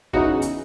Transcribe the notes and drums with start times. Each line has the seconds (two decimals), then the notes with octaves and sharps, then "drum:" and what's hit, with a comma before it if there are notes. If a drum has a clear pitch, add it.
0.13 E2 C#3 E3 D#4 F#4, drum: kick
0.42 drum: hi-hat